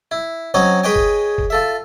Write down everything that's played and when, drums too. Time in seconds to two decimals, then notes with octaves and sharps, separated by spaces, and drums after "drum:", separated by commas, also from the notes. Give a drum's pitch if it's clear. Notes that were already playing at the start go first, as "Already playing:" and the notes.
0.11 E4
0.54 F#3 C4 C#4 C#5 D#5
0.83 G#4 B4 C#5 D#5 G5 G#5
0.96 drum: kick
1.38 drum: kick
1.50 F4 A4 E5